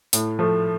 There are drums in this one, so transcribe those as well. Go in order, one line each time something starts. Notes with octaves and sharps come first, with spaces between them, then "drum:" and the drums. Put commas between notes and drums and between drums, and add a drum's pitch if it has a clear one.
A2, drum: hi-hat
F3 A3